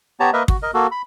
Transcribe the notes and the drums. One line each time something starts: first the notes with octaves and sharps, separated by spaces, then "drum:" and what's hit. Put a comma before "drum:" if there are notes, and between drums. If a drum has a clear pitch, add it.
B3 G4 C#5 A5 A#5
A#3 A#4 B4 D#5 E5
F#4, drum: kick
A#4 D#5
A#3 F#4 A4
B5